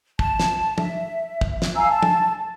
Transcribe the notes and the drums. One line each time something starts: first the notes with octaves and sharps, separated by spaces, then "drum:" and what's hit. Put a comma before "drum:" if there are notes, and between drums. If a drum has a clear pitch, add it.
A5, drum: kick
drum: snare
E5, drum: tom
drum: kick
drum: snare
F5 G#5 A#5 E6
A5
drum: tom